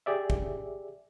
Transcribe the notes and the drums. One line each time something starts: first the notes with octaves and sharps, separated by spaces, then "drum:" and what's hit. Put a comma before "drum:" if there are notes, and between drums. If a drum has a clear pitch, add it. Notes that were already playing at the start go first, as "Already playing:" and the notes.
G4 G#4 D5 E5
drum: kick